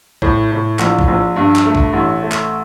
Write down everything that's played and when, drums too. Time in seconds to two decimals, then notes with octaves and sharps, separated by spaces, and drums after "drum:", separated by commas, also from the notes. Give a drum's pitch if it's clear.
0.22 A2, drum: kick A#1
0.51 A2
0.79 A#1, drum: clap
0.99 drum: kick A#1
1.08 A#1
1.36 G2
1.56 drum: clap
1.65 A3
1.75 drum: kick A#1
1.93 A1
2.22 A3
2.32 drum: clap